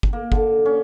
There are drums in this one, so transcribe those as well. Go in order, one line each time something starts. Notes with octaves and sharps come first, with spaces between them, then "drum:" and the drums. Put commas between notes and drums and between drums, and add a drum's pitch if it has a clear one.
drum: kick G1
A#3
D3, drum: kick G1
C#4